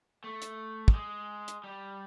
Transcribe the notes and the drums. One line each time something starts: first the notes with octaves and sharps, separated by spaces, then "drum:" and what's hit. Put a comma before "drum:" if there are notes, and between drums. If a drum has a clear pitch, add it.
A3
drum: hi-hat
G3, drum: kick
G#3
drum: hi-hat
G3